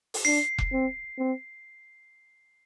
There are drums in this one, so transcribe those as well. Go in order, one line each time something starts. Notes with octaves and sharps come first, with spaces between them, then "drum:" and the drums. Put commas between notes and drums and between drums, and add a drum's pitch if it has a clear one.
drum: open hi-hat
D4 C7
drum: kick F1
C4
C4